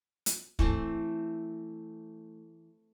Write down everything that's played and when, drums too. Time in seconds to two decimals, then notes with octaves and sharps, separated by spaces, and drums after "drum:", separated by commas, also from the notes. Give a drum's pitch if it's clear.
0.26 drum: hi-hat
0.59 E3 A3 C4, drum: kick